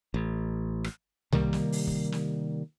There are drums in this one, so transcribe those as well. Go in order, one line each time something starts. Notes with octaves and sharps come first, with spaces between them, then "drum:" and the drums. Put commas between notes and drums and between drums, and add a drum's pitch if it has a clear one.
A1
drum: rim click
C3 D#3 G3 A#3, drum: tom
drum: snare
drum: open hi-hat
drum: kick
drum: snare